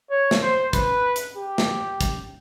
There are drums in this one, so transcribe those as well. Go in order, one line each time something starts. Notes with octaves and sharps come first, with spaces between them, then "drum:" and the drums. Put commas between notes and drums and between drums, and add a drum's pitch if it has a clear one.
C#5
drum: snare
C5
B4, drum: kick, hi-hat
drum: hi-hat
G4
drum: snare
drum: kick, hi-hat